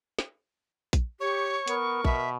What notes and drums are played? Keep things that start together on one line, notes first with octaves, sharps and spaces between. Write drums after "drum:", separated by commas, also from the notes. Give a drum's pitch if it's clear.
drum: snare
drum: kick A#1, hi-hat
G4 C#5 C#6
B3 A#4, drum: hi-hat
B2 E5, drum: kick A#1